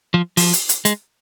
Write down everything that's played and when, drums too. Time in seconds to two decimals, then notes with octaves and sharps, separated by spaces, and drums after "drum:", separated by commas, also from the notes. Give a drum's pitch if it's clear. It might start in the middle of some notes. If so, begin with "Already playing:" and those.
0.14 F3
0.37 F3, drum: open hi-hat
0.53 drum: hi-hat
0.69 drum: hi-hat
0.85 G#3, drum: hi-hat